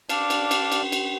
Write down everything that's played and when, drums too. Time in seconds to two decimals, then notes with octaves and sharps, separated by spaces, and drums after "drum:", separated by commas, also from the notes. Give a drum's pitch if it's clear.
0.09 D4 D5 F5, drum: cymbal
0.30 drum: cymbal
0.51 drum: cymbal
0.72 drum: cymbal
0.92 drum: cymbal